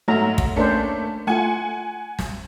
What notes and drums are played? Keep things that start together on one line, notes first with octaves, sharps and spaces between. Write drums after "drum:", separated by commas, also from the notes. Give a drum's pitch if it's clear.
G#2 F#3 A3 A#5
drum: kick
A3 A#3 C#4 D4 C5
A3 F4 F#5 G#5
drum: snare